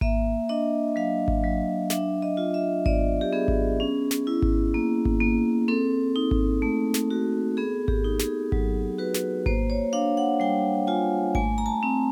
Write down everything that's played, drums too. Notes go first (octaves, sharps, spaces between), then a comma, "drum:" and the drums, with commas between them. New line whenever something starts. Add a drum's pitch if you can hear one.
A#3 E5, drum: kick G#1
D4 D#5
F#3 F5
drum: kick G#1
F#3
D4 E5, drum: snare
D#5
F4
E5
B3 D5, drum: kick G#1
G4
B3 G#4
drum: kick G#1
C#4
drum: snare
E4
drum: kick G#1
A#3
drum: kick G#1
A#3
C4 A4
D#4
drum: kick G#1
A3
drum: snare
F#4
B3 G#4
G4, drum: kick G#1
D#4
G#4, drum: snare
F#3, drum: kick G#1
F#4 B4
drum: snare
A#3 C5, drum: kick G#1
C#5
D4 F5
F#5
G3 G5
F4 G#5
A3 G#5, drum: kick G#1
A#5
A5
C4